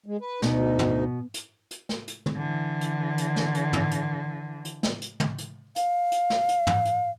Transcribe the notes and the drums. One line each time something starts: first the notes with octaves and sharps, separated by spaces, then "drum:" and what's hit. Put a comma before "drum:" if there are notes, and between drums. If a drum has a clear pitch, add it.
G#3
B4
D2 B2 D#4, drum: snare
drum: tom
drum: hi-hat
drum: hi-hat
drum: snare
drum: hi-hat
drum: tom
D3 E3
drum: hi-hat
drum: hi-hat
drum: snare
drum: hi-hat
drum: tom
drum: hi-hat
drum: hi-hat
drum: snare
drum: hi-hat
drum: tom
drum: hi-hat
F5, drum: hi-hat
drum: hi-hat
drum: snare
drum: hi-hat
drum: tom
drum: hi-hat